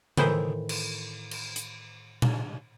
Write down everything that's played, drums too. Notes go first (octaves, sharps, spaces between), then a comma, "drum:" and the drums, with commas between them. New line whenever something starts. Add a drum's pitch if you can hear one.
A2 D#3 E3 E4 C5, drum: tom C#3
drum: cymbal
drum: cymbal
drum: hi-hat
drum: tom A#2